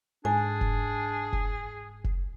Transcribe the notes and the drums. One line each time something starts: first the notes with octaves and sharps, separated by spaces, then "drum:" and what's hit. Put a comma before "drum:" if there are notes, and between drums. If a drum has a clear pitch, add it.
G#2 D4 G#4 G#5
drum: kick F1
drum: kick F1
drum: kick F1